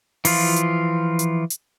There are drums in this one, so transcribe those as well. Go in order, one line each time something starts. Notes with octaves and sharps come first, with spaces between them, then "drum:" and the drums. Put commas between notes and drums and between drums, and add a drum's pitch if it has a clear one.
E3 F3 F4, drum: open hi-hat
drum: hi-hat
drum: hi-hat
drum: hi-hat